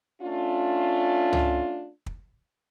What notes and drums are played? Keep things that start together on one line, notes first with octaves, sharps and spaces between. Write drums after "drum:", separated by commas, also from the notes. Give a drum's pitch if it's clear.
A3 C#4 D4 F4
drum: tom C#2
drum: kick